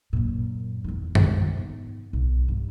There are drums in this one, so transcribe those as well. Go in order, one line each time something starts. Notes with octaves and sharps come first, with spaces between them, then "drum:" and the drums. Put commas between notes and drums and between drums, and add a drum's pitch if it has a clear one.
F#2 A#2
E2 D#3
B1, drum: tom F#2
G#2 B3
B1
G2 E3